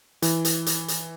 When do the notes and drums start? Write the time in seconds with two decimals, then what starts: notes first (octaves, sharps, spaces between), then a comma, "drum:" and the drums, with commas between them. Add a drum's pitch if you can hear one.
0.22 E3, drum: hi-hat
0.45 drum: hi-hat
0.66 drum: hi-hat
0.88 drum: hi-hat